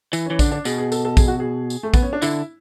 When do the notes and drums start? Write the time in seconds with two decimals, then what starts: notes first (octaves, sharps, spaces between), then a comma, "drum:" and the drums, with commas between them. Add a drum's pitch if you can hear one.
0.13 E3, drum: tambourine
0.26 C#4
0.30 E3
0.39 D3 D4, drum: kick, tambourine
0.52 D4
0.65 B2 G#4, drum: tambourine
0.78 G#4
0.92 A4, drum: tambourine
1.05 A4
1.17 G#4, drum: kick, tambourine
1.28 F#4
1.40 G#4
1.70 drum: tambourine
1.83 A3
1.94 B3, drum: kick, tambourine
2.02 C#4
2.13 D4
2.22 D3 E4, drum: tambourine